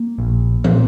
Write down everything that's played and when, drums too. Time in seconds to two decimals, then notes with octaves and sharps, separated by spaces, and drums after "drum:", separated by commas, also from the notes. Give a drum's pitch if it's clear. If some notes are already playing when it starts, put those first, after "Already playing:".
Already playing: A#3
0.18 A#1
0.64 A#2, drum: tom E3